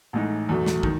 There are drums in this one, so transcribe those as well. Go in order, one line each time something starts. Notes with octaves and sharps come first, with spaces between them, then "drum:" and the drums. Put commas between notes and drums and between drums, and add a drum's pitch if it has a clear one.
A1 A2 G#3 D#4
E2 B2 F#3 A3
drum: snare
D#3, drum: kick